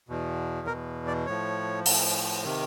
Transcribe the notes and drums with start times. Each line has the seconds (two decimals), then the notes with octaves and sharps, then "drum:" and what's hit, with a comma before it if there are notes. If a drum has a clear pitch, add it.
0.09 E2 B2
0.67 E2 B2 A#4
1.07 D5
1.27 A2 F3 C#5
1.86 A2 F3, drum: open hi-hat
2.44 C3 D#3